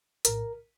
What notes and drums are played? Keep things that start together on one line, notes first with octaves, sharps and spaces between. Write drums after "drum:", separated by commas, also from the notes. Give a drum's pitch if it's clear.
A#1 A2 A#4, drum: hi-hat